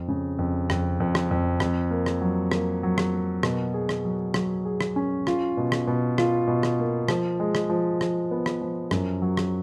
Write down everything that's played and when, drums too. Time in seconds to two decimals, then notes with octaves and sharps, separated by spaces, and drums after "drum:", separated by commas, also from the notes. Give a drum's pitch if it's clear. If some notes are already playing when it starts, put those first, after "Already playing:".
Already playing: F2
0.08 C#3
0.39 F2
0.70 F2, drum: rim click
1.00 F2
1.15 drum: rim click
1.31 F2
1.60 F2, drum: rim click
1.91 A#3
2.06 drum: rim click
2.21 F#3
2.51 A#3, drum: rim click
2.83 F#3
2.98 drum: rim click
3.13 A#3
3.43 B2, drum: rim click
3.74 G#4
3.89 drum: rim click
4.05 F#3
4.34 F#3, drum: rim click
4.65 G#4
4.81 drum: rim click
4.96 C#4
5.27 F4, drum: rim click
5.57 B2
5.72 drum: rim click
5.87 B2
6.18 F4, drum: rim click
6.47 B2
6.63 drum: rim click
6.79 A#3
7.08 F3, drum: rim click
7.40 G#3
7.55 drum: rim click
7.69 F3
8.01 F3, drum: rim click
8.31 B3
8.46 drum: rim click
8.61 F3
8.91 F#2, drum: rim click
9.22 F#3
9.37 drum: rim click